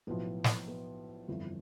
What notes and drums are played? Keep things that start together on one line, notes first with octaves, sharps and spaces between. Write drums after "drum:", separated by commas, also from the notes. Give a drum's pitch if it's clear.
B1 A2 F3 B3
drum: snare
B3
G1 F2 E3